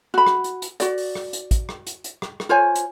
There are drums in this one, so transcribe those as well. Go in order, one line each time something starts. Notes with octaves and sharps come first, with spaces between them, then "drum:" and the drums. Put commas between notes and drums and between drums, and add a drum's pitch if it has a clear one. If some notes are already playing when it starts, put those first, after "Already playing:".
F#4 B5
drum: rim click
drum: hi-hat
drum: hi-hat
F#4 D5, drum: hi-hat
drum: open hi-hat
drum: rim click
drum: hi-hat
drum: kick, hi-hat
drum: rim click
drum: hi-hat
drum: hi-hat
drum: rim click
drum: rim click
F4 C5 C#5 G#5
drum: hi-hat